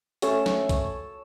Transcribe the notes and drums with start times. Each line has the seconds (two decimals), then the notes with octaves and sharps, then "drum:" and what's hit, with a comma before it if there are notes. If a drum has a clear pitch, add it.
0.22 A3 C#4 A4, drum: hi-hat
0.46 drum: snare
0.69 drum: kick, hi-hat